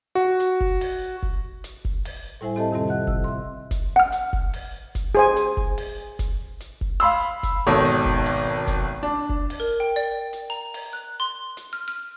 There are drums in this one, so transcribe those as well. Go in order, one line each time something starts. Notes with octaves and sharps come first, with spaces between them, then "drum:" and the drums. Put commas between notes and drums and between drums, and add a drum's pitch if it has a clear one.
F#4
drum: hi-hat
drum: kick F1
drum: open hi-hat
drum: kick F1
drum: hi-hat
drum: kick F1
drum: open hi-hat
A2 G3 E4 C5 E5 G#5
C4 G4 A4 D#5 E5 A5
F2 C3 D#3 G3 C4
D#5 F#5 F#6
E6, drum: kick F1
E5 C6
drum: kick F1, hi-hat
F#5 F6
drum: hi-hat
drum: kick F1
drum: open hi-hat
drum: kick F1, hi-hat
G#4 C5 G#5
drum: hi-hat
drum: kick F1
drum: open hi-hat
drum: kick F1, hi-hat
drum: hi-hat
drum: kick F1
F5 B5 C6 E6, drum: open hi-hat
drum: kick F1, hi-hat
G#1 B2 D#3 A4 C#5
drum: hi-hat
drum: kick F1
drum: open hi-hat
drum: kick F1, hi-hat
D4
drum: kick F1
drum: open hi-hat
A#4
G5
D5
drum: hi-hat
A#5
drum: open hi-hat
F#6
C6
drum: hi-hat
F6
F6